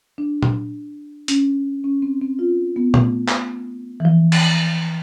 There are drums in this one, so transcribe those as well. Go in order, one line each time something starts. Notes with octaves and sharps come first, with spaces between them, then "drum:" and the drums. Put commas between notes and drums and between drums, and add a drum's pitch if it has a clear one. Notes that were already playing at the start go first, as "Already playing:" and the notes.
D4
drum: tom A#2
C#4, drum: hi-hat
C#4
C4
C4
F4
B3
A3, drum: tom A#2
drum: clap
E3
F3
drum: cymbal